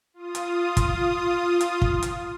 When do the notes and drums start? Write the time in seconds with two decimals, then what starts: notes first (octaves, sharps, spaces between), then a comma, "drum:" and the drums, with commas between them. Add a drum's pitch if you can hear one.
0.14 F4 D#6
0.35 drum: hi-hat
0.77 drum: kick, hi-hat
1.61 drum: hi-hat
1.82 drum: kick
2.03 drum: hi-hat